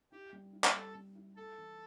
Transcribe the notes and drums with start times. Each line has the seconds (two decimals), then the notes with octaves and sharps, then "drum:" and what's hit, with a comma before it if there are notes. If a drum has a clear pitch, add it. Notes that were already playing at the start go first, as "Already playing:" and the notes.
0.12 E4 G4
0.33 G3
0.53 E4
0.64 drum: clap
0.74 G3 A4
0.95 G3
1.15 E4
1.36 A3 A4
1.58 E3